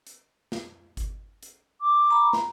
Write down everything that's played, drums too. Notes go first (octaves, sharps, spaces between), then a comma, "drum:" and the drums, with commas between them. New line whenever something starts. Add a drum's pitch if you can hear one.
drum: hi-hat
drum: snare
drum: kick G1, hi-hat
drum: hi-hat
D6
A#5 B5
drum: snare